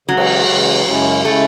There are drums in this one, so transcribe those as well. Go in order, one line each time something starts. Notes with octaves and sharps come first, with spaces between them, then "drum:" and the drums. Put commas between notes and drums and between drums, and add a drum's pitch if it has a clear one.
C#3 E3 F#3 G#3
drum: cymbal
C#3 E3 G#3
F#2 C#3 G#3 C#4 E4
C#3 G#3 A3 C#4 E4